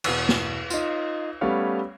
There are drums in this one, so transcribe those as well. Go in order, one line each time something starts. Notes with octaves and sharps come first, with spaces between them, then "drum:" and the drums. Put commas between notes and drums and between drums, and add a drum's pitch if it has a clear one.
E2 B2, drum: cymbal
drum: snare
D#4 F4, drum: tambourine
G3 A3 B3 C#4 C#5 F5